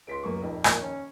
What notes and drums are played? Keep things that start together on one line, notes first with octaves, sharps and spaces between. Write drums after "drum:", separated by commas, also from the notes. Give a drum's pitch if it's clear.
C#2 C6 B6 D7
F#2 A#3 C#6
D#1 F2 D#3
A#2, drum: rim click
C#4